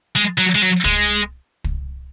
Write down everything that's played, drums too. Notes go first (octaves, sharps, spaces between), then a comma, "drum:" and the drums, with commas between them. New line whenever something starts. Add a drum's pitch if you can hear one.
G#3
F#3
G#3
F#3
G#3, drum: kick
drum: kick